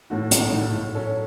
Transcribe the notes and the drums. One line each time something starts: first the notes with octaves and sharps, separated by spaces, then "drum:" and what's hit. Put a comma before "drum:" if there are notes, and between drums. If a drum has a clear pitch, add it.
A2 A3 F#4
B1, drum: hi-hat
A2 A3 F#4
A2
F#3 C#4 A4